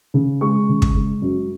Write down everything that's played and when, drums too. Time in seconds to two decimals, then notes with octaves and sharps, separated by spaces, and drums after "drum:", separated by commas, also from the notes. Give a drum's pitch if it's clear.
0.14 C#3
0.41 G#3 C#6
0.69 C#3
0.82 drum: kick
0.96 G#3
1.22 F#2